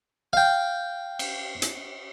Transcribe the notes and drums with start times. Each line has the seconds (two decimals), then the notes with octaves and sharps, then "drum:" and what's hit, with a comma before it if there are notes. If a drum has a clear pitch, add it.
0.33 F5 G5
1.19 drum: cymbal
1.62 drum: hi-hat